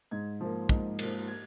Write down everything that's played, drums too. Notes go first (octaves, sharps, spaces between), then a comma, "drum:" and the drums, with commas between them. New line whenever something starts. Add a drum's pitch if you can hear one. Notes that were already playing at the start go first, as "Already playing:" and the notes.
G#2 G#6
F3 A#3
G#2, drum: kick
F3 A#3, drum: cymbal
G#6